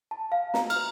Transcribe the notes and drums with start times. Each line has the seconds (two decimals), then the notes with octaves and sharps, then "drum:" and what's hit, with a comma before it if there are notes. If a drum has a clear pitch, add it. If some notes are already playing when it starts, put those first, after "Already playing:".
0.11 A5
0.32 F5
0.54 A#5, drum: snare
0.70 F6, drum: cymbal